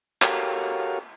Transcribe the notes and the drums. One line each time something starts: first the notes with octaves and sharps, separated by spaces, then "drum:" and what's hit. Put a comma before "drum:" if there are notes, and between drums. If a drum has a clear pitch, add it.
F#4 G4 A4 A#4 C#5 F5, drum: clap